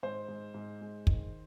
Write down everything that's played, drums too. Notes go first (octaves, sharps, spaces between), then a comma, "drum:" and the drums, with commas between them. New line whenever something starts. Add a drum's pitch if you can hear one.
G#2 C5
G#2
G#2
G#3
D#3, drum: kick